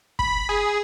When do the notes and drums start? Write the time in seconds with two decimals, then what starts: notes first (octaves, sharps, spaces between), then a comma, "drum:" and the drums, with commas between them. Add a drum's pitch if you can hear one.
0.19 B5, drum: kick
0.49 G#4